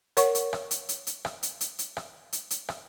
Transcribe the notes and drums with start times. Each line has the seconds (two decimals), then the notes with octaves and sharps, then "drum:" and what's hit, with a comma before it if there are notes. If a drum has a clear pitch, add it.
0.17 A#4 C#5 F#5 C#6, drum: hi-hat
0.35 drum: hi-hat
0.53 drum: rim click
0.71 drum: hi-hat
0.89 drum: hi-hat
1.07 drum: hi-hat
1.25 drum: rim click
1.43 drum: hi-hat
1.61 drum: hi-hat
1.79 drum: hi-hat
1.97 drum: rim click
2.33 drum: hi-hat
2.51 drum: hi-hat
2.69 drum: rim click